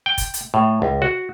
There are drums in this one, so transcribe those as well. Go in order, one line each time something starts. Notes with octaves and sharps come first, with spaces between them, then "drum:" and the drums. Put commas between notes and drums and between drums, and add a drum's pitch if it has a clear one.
G5
drum: kick, hi-hat
drum: hi-hat
A2
C#2
F#4